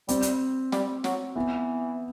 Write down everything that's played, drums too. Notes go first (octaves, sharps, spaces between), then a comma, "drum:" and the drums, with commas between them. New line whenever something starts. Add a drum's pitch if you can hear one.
G3 C4, drum: hi-hat
drum: hi-hat
G3, drum: snare
F#3, drum: snare
E3 B3